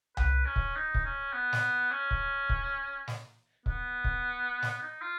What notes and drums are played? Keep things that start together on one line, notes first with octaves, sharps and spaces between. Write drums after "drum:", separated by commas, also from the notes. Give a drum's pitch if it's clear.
B4, drum: tom C2
C#4
drum: kick C#1
D#4
drum: kick C#1
C#4
B3
drum: snare
C#4
drum: kick C#1
drum: kick C#1
drum: snare
B3, drum: kick C#1
drum: kick C#1
drum: snare
D#4
F4